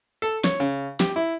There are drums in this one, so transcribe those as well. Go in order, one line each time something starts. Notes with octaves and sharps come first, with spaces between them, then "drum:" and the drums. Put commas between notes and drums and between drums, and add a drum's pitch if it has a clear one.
A4
C#5, drum: snare
C#3
G4, drum: snare
E4